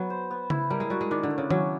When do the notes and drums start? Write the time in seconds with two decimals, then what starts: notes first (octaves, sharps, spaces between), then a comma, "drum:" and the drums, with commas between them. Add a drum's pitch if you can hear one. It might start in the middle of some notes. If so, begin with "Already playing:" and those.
Already playing: F#3 B3
0.10 C5
0.31 B3
0.50 E4, drum: tom C#3
0.70 G3 A#4
0.80 G#3
0.90 G3 F#4
1.01 G#3
1.11 D#3 D4
1.23 D3
1.30 A3
1.38 C#3
1.50 F#3 C#4, drum: tom D#3